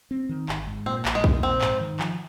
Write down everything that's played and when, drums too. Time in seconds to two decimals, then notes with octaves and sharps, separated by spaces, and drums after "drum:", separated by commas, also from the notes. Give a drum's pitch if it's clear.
0.11 C4
0.29 D#3
0.49 G#1, drum: clap
0.67 G#2
0.86 A#2 C4
1.05 A#1, drum: clap
1.15 G#3
1.24 A#3, drum: kick
1.43 A#1 C4
1.61 G#2, drum: clap
1.81 D#3
1.99 F3, drum: clap